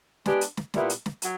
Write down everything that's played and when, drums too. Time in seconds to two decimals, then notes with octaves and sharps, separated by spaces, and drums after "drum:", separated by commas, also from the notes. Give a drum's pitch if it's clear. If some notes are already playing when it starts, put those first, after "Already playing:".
0.26 G#3 B3 D4 G4, drum: snare
0.41 drum: hi-hat
0.57 drum: snare
0.74 A#2 G3 B3 E4, drum: snare
0.90 drum: hi-hat
1.06 drum: snare
1.22 F#3, drum: hi-hat